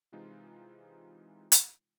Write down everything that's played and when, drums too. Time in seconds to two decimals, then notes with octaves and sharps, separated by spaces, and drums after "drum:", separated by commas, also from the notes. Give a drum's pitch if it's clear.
0.12 C3 E3 G#3 D#4 F4 C5
1.52 drum: hi-hat